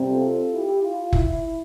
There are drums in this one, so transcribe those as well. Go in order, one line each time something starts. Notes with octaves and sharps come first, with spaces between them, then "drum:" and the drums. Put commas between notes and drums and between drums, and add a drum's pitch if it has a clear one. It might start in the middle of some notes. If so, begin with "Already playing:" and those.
Already playing: C3 G3 C4
F4 A4
E4 G4
F4
E4, drum: kick F1